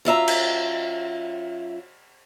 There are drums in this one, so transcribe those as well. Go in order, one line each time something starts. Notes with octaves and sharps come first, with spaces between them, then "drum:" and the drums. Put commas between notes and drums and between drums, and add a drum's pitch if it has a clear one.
F#2 F4 E5 A#5
drum: cymbal